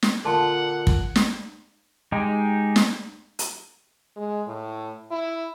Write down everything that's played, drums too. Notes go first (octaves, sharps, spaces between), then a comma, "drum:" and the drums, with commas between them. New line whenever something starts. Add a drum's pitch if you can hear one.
drum: snare
A#2 D3 A4 F#5 A5 C6
drum: kick
drum: snare
G#3 D#4 G4
drum: snare
drum: hi-hat
G#3
A2
E4